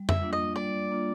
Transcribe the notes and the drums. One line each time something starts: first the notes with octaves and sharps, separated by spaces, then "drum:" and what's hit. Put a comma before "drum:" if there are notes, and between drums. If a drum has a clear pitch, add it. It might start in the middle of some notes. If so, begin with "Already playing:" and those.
Already playing: G3
E5, drum: tom F2
A#3 D4 F4
D#5
G3 D5
A#3 D4 F4